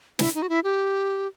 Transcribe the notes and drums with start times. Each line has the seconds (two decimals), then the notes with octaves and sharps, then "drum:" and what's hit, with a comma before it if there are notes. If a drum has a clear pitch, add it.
0.19 E4, drum: snare
0.35 D#4
0.42 F#4
0.49 E4
0.64 G4